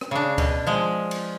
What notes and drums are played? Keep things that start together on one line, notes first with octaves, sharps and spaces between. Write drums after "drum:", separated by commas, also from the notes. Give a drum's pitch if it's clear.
drum: rim click
C#3 D4
B2, drum: kick C#2, cymbal
F3 G#3
drum: cymbal